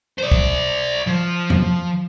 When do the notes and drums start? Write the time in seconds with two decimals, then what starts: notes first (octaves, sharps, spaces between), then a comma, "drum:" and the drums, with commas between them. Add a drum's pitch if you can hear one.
0.18 C5 D5
0.32 drum: kick
1.07 F3
1.50 drum: tom E2